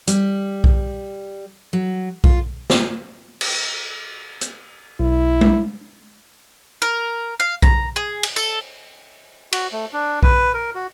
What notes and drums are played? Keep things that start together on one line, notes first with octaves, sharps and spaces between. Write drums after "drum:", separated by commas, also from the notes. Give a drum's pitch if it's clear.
G3, drum: hi-hat
drum: kick B1
F#3
F4, drum: kick B1
drum: snare
drum: cymbal
drum: hi-hat
B1 E4
drum: tom G#3
A#4
F5
A#5, drum: kick B1
G#4
drum: cymbal
A4, drum: tambourine
F#4, drum: cymbal
A3
D4
B4, drum: kick B1
A#4
F#4